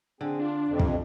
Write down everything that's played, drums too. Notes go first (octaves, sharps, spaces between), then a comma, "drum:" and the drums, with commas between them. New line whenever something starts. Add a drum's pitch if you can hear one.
D3 C4 G#4
D4 F4
F2 C3
drum: kick